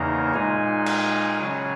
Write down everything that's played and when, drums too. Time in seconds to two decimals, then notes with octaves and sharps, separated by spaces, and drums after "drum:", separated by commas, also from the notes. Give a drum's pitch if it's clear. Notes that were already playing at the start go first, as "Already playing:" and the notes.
Already playing: E2 C#3 E3 A#3 D#4 A#5
0.34 A#2 G#3 D#4 G#5
0.86 drum: cymbal
1.39 C#3 F#3 C#4 G#5